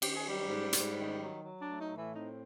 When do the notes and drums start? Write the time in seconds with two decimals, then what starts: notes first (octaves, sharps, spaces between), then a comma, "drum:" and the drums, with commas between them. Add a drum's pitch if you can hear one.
0.02 D#3 G4, drum: cymbal
0.15 G#4
0.25 F#3 G3 G4
0.48 G#2
0.73 G#2, drum: hi-hat
0.97 D#3
1.20 F#3
1.44 F#3
1.62 D4
1.68 A3
1.79 D#4
1.91 A2
1.96 E3 E4
2.14 C4 D#4